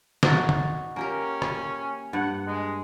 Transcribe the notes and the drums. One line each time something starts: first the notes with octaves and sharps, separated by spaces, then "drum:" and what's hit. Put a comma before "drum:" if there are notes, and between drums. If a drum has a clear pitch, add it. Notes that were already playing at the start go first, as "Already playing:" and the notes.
D#4 F#4 D5, drum: snare
drum: tom D3
A#3 C#4 G4 A#4
drum: rim click
G2 F#5
G#3